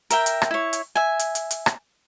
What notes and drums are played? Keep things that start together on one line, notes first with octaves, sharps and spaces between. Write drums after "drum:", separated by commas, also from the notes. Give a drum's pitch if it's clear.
A#4 E5 G5, drum: hi-hat
drum: hi-hat
drum: rim click
E4 C#5
drum: hi-hat
E5 G#5
drum: hi-hat
drum: hi-hat
drum: hi-hat
drum: rim click